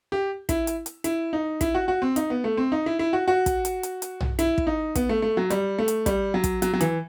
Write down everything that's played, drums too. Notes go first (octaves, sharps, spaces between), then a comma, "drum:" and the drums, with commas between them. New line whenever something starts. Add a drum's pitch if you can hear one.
G4
E4, drum: kick, hi-hat
drum: hi-hat
drum: hi-hat
E4, drum: hi-hat
D#4
E4, drum: kick, hi-hat
F#4
F#4
C4
D#4, drum: hi-hat
B3
A3
C4
D#4
E4
E4
F#4
F#4
drum: kick, hi-hat
drum: hi-hat
drum: hi-hat
drum: hi-hat
drum: tom
E4, drum: hi-hat
drum: kick
D#4
B3, drum: kick, hi-hat
A3
A3
F#3
G3, drum: hi-hat
A3
drum: hi-hat
G3, drum: kick, hi-hat
F#3
drum: kick, hi-hat
F#3, drum: hi-hat
F#3
E3, drum: hi-hat